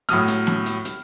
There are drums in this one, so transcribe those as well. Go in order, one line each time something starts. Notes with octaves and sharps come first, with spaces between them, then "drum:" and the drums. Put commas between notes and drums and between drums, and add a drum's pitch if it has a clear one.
A2 F#3 D#6 F6, drum: hi-hat
drum: hi-hat
drum: snare
drum: hi-hat
drum: hi-hat